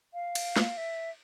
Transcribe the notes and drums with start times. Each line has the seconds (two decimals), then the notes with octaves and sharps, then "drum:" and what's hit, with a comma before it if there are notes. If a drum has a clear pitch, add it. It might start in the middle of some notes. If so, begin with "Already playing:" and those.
0.14 F5
0.35 drum: cymbal
0.56 drum: snare
0.77 E5